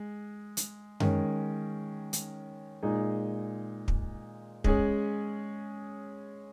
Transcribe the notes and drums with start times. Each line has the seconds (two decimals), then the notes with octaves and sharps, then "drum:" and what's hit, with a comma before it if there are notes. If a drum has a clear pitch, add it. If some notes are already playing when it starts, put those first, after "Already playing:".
Already playing: G#3
0.57 drum: hi-hat
1.00 D#3 G#3 C#4, drum: tom F#2
2.13 drum: hi-hat
2.83 A#2 G#3 D#4 G#4
3.88 drum: kick
4.64 G#3 C#4 G#4, drum: kick